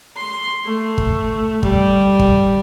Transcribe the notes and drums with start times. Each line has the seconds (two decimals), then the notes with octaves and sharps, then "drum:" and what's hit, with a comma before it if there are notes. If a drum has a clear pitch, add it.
0.17 C6
0.65 A3
0.98 drum: kick
1.63 G3, drum: kick
2.19 drum: kick